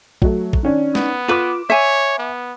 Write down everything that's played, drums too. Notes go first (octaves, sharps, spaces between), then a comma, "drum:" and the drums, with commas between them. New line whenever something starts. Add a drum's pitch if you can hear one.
F#3 A3, drum: kick A1
drum: kick A1
D#3 C#4 D4
B3, drum: snare
F4 B4 D6 E7
C#5 E5 G#5
B3